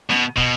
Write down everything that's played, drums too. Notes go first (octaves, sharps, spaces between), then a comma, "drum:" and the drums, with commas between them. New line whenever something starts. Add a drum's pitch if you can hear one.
B2, drum: snare
B2, drum: kick